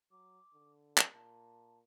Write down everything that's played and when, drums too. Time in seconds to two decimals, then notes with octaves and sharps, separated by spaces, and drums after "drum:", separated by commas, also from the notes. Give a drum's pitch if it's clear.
0.11 F#3 D6
0.54 D3
0.98 drum: clap
1.12 A#2 A5